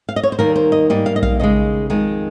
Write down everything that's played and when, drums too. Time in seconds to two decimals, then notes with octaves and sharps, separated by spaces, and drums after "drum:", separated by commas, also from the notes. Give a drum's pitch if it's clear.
0.09 F5
0.16 D#5
0.23 C#5
0.32 C5
0.39 D#2 D#3 G3 A#3 A#4
0.56 C5
0.72 D#5
0.90 G#2 G3 A#3 D#5
1.06 F5
1.16 D#5
1.23 F5, drum: kick A#1
1.39 D#2 C#3 G#3 D#5
1.90 F2 D#3 G#3